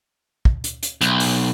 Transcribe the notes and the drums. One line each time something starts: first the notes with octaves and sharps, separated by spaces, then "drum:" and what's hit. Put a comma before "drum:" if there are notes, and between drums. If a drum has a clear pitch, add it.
drum: kick
drum: hi-hat
drum: hi-hat
B1, drum: hi-hat
drum: open hi-hat